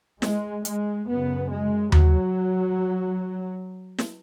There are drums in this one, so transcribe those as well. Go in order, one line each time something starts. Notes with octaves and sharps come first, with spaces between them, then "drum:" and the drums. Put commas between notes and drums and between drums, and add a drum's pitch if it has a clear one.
G#3, drum: snare
G#3, drum: hi-hat
F#2 C#3 B3
G#3
F#3, drum: tom D#2
drum: snare